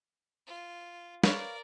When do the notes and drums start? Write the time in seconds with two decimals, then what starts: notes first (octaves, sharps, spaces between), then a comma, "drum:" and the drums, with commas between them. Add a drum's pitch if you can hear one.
0.47 F4
1.24 A#4 B4 C#5 D5 F5, drum: snare